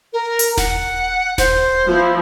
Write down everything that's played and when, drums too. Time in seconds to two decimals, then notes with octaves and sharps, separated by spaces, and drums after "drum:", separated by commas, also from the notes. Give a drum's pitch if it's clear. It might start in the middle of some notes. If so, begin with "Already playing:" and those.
0.13 A#4
0.39 drum: hi-hat
0.57 F#5, drum: snare D#1
1.38 C5, drum: snare D#1
1.87 F3 B3 E4